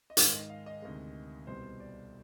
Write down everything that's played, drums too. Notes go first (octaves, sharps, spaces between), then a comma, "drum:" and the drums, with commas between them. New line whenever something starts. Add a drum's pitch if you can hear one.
D#5
G#2 D#3 G#3 F5, drum: hi-hat
D#5
F5
D#5
D2 C3 D#3 G#3
C2 B2 G3 C5
D5